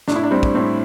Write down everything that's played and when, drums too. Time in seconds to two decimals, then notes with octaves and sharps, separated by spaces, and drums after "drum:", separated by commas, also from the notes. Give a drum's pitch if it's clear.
0.08 A2 D4, drum: snare
0.16 E4
0.23 D4
0.31 G3 C4
0.43 drum: kick
0.54 A2 C4